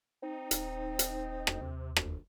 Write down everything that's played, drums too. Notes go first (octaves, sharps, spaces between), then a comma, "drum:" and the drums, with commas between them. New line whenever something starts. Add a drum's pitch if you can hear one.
C4 D#4
D#1, drum: hi-hat
drum: hi-hat
drum: rim click
D#2 C3
F1, drum: rim click